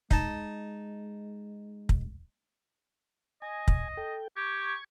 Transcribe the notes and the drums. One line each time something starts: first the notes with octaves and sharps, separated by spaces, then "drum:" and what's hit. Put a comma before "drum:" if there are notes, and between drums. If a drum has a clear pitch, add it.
G#3 D#4 A5, drum: kick
drum: kick
D#5 G#5
drum: kick
A4 G5
G4 C#6 G#6